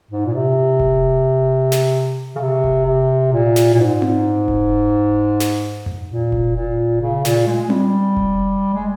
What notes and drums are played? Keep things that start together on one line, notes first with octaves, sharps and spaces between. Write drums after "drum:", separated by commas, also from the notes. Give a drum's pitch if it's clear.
G#2
A#2
C3
drum: kick F1
drum: snare
C#3
C3
drum: kick F1
C3
A#2
drum: snare
A#2
G#2
drum: tom C4
drum: kick F1
drum: snare
drum: tom E2
A#2
drum: kick F1
A#2
C#3
A#2, drum: snare
G#3
G#3
G3, drum: tom C4
drum: kick F1
G#3